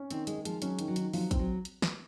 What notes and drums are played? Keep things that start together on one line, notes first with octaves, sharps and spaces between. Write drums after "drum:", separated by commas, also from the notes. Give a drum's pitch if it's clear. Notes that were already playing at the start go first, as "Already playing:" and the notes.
Already playing: C#4
D#3 C4, drum: hi-hat
D#3 G#3, drum: hi-hat
F3 G#3, drum: hi-hat
F#3 C#4, drum: hi-hat
D#3, drum: hi-hat
F#3
D#3, drum: hi-hat
F3 F#3, drum: open hi-hat
C4, drum: kick, hi-hat
F#3
drum: hi-hat
drum: snare